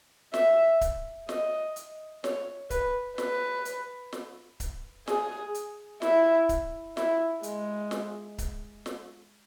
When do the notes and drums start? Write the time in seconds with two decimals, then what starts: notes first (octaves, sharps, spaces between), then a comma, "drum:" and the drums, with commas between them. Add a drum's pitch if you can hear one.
0.34 E5, drum: snare
0.81 drum: kick C#1, hi-hat
1.29 D#5, drum: snare
1.76 drum: hi-hat
2.24 C#5, drum: snare
2.70 B4, drum: kick C#1, hi-hat
3.18 B4, drum: snare
3.65 drum: hi-hat
4.13 drum: snare
4.60 drum: kick C#1, hi-hat
5.07 G#4, drum: snare
5.54 drum: hi-hat
6.02 E4, drum: snare
6.49 drum: kick C#1, hi-hat
6.97 E4, drum: snare
7.43 G#3, drum: hi-hat
7.91 drum: snare
8.38 drum: kick C#1, hi-hat
8.86 drum: snare